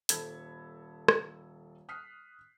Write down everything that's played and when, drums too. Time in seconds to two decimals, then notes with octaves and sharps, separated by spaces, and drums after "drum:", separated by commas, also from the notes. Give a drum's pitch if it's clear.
0.09 D#1 A4 B5 G#6, drum: hi-hat
1.08 drum: rim click
1.89 D#6 F6 F#6 B6 C7